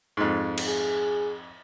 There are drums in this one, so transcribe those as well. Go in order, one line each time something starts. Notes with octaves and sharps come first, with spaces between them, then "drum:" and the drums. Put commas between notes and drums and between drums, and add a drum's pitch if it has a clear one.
F2 G#2
drum: cymbal
G#4